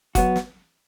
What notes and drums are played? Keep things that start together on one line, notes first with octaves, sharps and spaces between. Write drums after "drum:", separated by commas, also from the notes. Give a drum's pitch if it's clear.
F#3 B3 F#4, drum: kick F#1, hi-hat
drum: snare